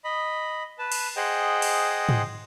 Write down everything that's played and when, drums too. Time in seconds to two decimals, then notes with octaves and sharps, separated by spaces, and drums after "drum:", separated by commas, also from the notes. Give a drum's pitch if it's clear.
0.04 D#5 B5
0.79 B4 A5
0.92 drum: cymbal
1.17 G#4 C5 D#5 F#5 G5
1.62 drum: cymbal
2.09 drum: tom G#2